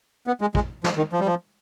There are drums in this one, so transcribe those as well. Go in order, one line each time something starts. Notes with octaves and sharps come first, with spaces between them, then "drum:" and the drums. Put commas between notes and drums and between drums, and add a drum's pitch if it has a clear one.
B3
G#3
G#3, drum: kick
F3, drum: snare
D#3
F3
G3
F3